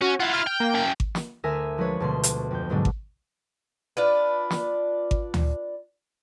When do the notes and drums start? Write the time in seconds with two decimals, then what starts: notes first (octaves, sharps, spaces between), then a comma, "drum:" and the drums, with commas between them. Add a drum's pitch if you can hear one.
0.02 C#4 F#4
0.20 E4 F4 F#5
0.33 F6
0.47 G5
0.60 A#3
0.74 F#2 G5
1.00 drum: kick G#1
1.15 drum: snare
1.44 D2 A#4 E5 G#5 E6 A#6
1.78 F3 G#3 D4 B4 C#5
2.00 D2 B2 C6
2.23 drum: hi-hat
2.51 F2 G6
2.70 G#2 B2 D3 F#3 G#3 D4
2.85 drum: kick G#1
3.97 D4 F4 B4
4.50 drum: snare
5.11 drum: kick G#1
5.34 drum: tom D2